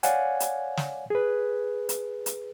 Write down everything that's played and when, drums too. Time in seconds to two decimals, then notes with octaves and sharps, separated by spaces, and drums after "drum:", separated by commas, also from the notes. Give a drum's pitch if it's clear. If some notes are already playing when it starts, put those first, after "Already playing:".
0.03 C#5 D5 F5 F#5 G#5, drum: hi-hat
0.40 drum: hi-hat
0.77 drum: snare
1.10 G#4 B4
1.89 drum: hi-hat
2.26 drum: hi-hat